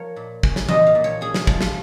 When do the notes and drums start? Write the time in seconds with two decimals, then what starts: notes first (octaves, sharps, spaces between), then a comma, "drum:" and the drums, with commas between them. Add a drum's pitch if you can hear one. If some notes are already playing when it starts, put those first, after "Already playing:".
Already playing: F3 A#4 C#5
0.16 A#2
0.43 C#4, drum: kick
0.56 drum: snare
0.69 A#2 D#5, drum: tom E3
0.87 F5
0.95 A#2
1.04 C#5
1.21 C#4 G#4
1.34 drum: snare
1.47 F3 F4, drum: kick
1.61 drum: snare